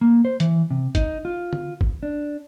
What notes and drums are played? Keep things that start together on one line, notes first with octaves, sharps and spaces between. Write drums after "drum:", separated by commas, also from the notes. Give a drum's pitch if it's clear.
A#3
C5
E3, drum: hi-hat
C3
D#4, drum: kick, hi-hat
F4
drum: tom
drum: kick
D4